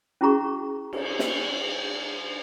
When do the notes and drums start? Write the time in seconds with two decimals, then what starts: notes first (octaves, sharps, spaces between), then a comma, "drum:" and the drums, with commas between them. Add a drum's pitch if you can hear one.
0.21 C#4 E4 F#4 G#4 A#5 C#6
0.93 drum: cymbal
1.19 drum: snare